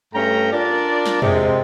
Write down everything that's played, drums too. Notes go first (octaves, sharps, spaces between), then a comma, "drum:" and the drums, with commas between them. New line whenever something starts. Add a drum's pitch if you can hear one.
G2 A3 C#4 G5 A#5
D4 F4 A#4 D5
drum: snare
C3 G#3, drum: tom